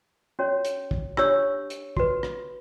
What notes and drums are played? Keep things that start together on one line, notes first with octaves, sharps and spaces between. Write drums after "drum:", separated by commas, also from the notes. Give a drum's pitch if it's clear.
C#4 F#4 C#5
drum: hi-hat
drum: kick
D4 G4 C#5 E6, drum: rim click
drum: hi-hat
F#4 B4, drum: kick
drum: rim click